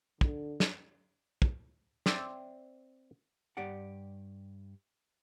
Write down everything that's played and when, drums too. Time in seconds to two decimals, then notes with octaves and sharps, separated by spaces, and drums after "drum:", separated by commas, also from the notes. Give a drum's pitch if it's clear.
0.21 D3, drum: kick
0.60 drum: snare
1.42 drum: kick
2.06 C4 D5 E5, drum: snare
3.57 G2 G4 D5 F#5